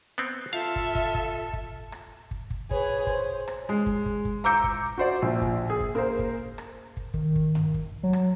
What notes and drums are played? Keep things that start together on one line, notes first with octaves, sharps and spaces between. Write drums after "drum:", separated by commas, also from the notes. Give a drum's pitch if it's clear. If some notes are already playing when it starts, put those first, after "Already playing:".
B3 C4
F4 A4 E5 F5
drum: kick
drum: kick
drum: kick
drum: kick
drum: rim click
drum: kick
drum: kick
G#4 B4 C#5, drum: kick
C5, drum: kick
drum: rim click
G#3
drum: kick
drum: kick
drum: kick
A#5 D6 E6 G6 C#7
drum: kick
F#4 C5 D5
A#1
drum: kick
G#4
drum: kick
A#3 A#4 C5
drum: kick
drum: rim click
drum: kick
D#3, drum: kick
drum: kick
drum: tom F#2
drum: kick
F#3
drum: rim click